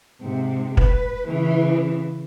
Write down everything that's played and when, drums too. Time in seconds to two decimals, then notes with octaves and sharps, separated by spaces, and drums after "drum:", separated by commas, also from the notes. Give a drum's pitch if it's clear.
0.21 G#2 C3
0.77 B4, drum: kick
1.28 C#3 E3